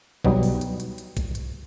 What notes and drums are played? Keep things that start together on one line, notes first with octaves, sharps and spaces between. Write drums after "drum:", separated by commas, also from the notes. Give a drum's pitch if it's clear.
B2 F#3 G3 D#4, drum: kick
drum: open hi-hat
drum: hi-hat
drum: hi-hat
drum: hi-hat
drum: kick, hi-hat
drum: hi-hat